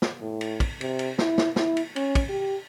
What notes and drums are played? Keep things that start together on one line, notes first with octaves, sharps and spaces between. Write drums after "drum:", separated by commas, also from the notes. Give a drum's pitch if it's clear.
drum: snare
A2
drum: cymbal
drum: kick, cymbal
C3, drum: cymbal
drum: cymbal
E4, drum: snare
drum: snare
E4, drum: snare
drum: cymbal
C#4, drum: cymbal
drum: kick, cymbal
G4